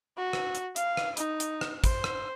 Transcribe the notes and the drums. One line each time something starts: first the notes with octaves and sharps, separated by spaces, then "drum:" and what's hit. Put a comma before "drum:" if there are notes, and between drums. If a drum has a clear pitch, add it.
F#4
drum: rim click
drum: hi-hat
F5, drum: hi-hat
drum: rim click
D#4, drum: hi-hat
drum: hi-hat
drum: rim click
C5, drum: kick, hi-hat
drum: rim click